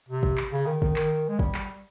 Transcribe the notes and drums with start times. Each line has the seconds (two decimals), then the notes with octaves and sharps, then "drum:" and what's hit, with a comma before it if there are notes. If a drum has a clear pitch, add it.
0.09 C3
0.23 drum: kick
0.38 drum: clap
0.53 C#3
0.66 D#3
0.82 D#3, drum: kick
0.96 D#3, drum: clap
1.29 G#3
1.39 G3, drum: kick
1.54 drum: clap